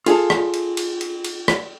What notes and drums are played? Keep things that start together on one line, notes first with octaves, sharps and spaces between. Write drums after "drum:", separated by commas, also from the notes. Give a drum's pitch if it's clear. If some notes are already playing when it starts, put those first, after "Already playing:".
F4 G#4 A4, drum: cymbal
drum: rim click
drum: cymbal
drum: cymbal
drum: cymbal
drum: cymbal
drum: rim click